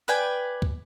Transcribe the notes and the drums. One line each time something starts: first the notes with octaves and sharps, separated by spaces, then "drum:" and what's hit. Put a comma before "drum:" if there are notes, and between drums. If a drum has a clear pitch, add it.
B4 D5 G5 G#5
drum: kick